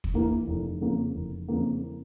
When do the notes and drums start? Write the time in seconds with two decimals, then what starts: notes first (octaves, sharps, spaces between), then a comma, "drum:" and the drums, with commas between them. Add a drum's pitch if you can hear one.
0.04 drum: kick
0.14 E3 A#3 E4
0.47 F1
0.81 F2 C#3 E3 A#3
1.14 F1
1.48 F2 C#3 E3 A#3